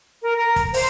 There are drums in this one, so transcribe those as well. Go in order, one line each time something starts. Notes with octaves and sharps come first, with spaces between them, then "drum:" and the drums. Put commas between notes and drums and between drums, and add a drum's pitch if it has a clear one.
A#4
A#4
drum: kick, hi-hat
C5, drum: open hi-hat